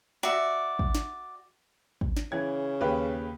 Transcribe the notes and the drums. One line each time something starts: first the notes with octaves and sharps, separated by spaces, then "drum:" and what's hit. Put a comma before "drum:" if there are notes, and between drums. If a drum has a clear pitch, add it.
F#4 D5 E5
drum: kick
drum: snare
drum: kick
drum: snare
C#3 E3 G#6
D#2 G4 B4